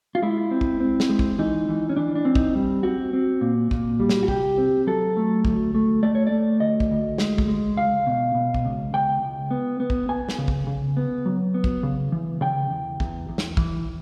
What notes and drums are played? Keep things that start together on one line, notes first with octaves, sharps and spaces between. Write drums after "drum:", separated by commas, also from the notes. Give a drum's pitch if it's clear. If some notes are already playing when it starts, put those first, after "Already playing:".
F4
G#3 E4
C4
drum: kick
C4
drum: snare
G#3
drum: kick
E3 D#4
E3
C#4
E3 D4
D4
C4
D#4, drum: kick
G3
C4 F#4
C4
A#2
A#2, drum: kick
G3
drum: snare
F#4
C2 G4, drum: kick
C4
F#3 A4
A3
D2, drum: kick
A3
A3 D5
C#5
A3 D5
D2 D#5
drum: kick
D2
G#3, drum: snare
drum: kick
G#3
C#2 F5
B2
B2
drum: kick
C#2
C#2 G5
C#2
B3
B3
drum: kick
B3 G#5
drum: snare
C#3
drum: kick
C#3
B3
F#3
B3
drum: kick
C#3
E3
C#3 G5
E2
E2, drum: kick
E2
drum: snare
E3, drum: kick